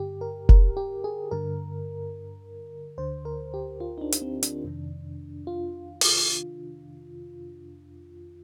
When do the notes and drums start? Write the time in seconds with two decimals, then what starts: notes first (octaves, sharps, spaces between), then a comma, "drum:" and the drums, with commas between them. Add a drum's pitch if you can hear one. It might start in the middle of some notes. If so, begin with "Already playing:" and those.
Already playing: G2 D3 G4
0.21 A#4
0.49 A#4, drum: kick F1
0.77 G4
1.04 G#4
1.31 G2 D3 A#4
2.98 D2 D3 C5
3.25 A#4
3.54 G4
3.80 F4
3.98 D#4
4.01 D4
4.12 drum: hi-hat
4.22 C4
4.43 D4, drum: hi-hat
4.64 F2 C3 D#3
5.47 F4
6.01 drum: open hi-hat